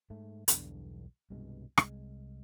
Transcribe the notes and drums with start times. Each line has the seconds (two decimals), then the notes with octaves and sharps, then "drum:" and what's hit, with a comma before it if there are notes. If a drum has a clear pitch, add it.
0.10 G#2 A3
0.48 B1 E2 G2 D3, drum: hi-hat
1.30 C2 G2 B2 G#3
1.78 C2 G#3, drum: rim click